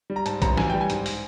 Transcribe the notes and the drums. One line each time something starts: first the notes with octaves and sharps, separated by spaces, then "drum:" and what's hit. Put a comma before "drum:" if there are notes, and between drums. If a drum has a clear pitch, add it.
G3
A#5
G#2 A5, drum: hi-hat
A1 A#5, drum: kick A#1, hi-hat
E3 G#5, drum: snare
G3 G5
G#5
G#2, drum: hi-hat
drum: open hi-hat